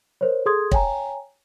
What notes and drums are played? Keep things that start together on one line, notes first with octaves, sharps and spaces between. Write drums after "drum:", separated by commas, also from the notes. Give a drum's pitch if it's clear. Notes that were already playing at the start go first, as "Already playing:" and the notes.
A#4 C5 C#5
G#4 A4 C6 D#6 G#6
C#5 G5 G#5 A#5, drum: kick